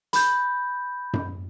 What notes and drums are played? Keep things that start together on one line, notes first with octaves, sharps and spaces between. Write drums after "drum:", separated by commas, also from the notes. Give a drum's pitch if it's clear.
B5 G6, drum: hi-hat
drum: tom F#2